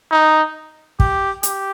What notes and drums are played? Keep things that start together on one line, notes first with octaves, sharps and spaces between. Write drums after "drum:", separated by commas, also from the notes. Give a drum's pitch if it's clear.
D#4
G4, drum: kick
G4, drum: hi-hat